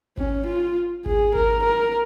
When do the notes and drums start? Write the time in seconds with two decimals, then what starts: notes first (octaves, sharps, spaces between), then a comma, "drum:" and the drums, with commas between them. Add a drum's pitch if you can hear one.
0.18 C#4, drum: kick G#1
0.46 F4
1.06 G#4, drum: kick G#1
1.35 A#4, drum: kick G#1
1.64 A#4